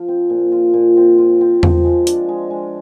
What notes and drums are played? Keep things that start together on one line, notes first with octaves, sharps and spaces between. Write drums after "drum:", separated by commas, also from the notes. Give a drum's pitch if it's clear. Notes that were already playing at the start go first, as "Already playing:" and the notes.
Already playing: F3
C4
A#2
F4
A#2
C4
F4
C4
F3, drum: tom E2
G#3
D4, drum: hi-hat
G#3
G#3